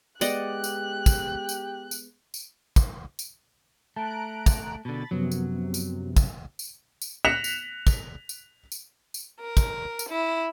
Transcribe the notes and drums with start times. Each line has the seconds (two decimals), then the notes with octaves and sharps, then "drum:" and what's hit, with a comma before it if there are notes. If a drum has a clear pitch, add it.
0.21 G#3 B3 G4 D5 D#5 F#5 F#6, drum: tambourine
0.64 drum: tambourine
1.06 drum: kick, tambourine
1.49 drum: tambourine
1.91 drum: tambourine
2.34 drum: tambourine
2.76 drum: kick, tambourine
3.19 drum: tambourine
3.96 A3 A5 A#5 F#6 D7
4.46 drum: kick, tambourine
4.85 B2 D3 B5 A6
5.11 F#2 C3 F3 F#3 B3
5.31 drum: tambourine
5.74 drum: tambourine
6.17 drum: kick, tambourine
6.59 drum: tambourine
7.02 drum: tambourine
7.25 F#6 A#6 B6 C#7 E7 F7
7.44 drum: tambourine
7.87 drum: kick, tambourine
8.29 drum: tambourine
8.72 drum: tambourine
9.14 drum: tambourine
9.41 A#4
9.57 drum: kick, tambourine
9.99 drum: tambourine
10.10 E4